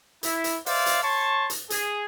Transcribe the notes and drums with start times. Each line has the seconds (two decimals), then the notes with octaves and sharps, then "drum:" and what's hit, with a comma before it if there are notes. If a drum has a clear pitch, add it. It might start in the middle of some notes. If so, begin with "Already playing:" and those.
0.23 E4, drum: hi-hat
0.44 drum: hi-hat
0.66 C5 D5 E5 F5, drum: open hi-hat
0.86 drum: hi-hat
1.03 C#5 A5 C6 C#6
1.50 drum: hi-hat
1.70 G#4, drum: hi-hat